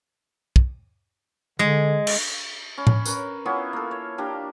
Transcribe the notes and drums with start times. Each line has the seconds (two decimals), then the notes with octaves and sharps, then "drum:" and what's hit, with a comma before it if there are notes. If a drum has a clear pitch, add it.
0.56 drum: kick
1.59 D3 G#3
2.07 drum: cymbal
2.78 C#4 B5
2.87 drum: tom A2
3.06 C#4 A#4 B4, drum: tambourine
3.46 B3 C#4 E4 F4
3.73 A#3 A4
3.91 C#5
4.18 A#3 D4 G4